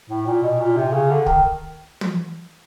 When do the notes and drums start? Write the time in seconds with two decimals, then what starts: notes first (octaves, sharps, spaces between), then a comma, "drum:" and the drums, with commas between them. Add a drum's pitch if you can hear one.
0.10 A2
0.27 A#2
0.43 B2
0.60 A#2
0.76 C3
0.93 C#3
1.10 D3
1.26 D#3, drum: kick
2.01 drum: tom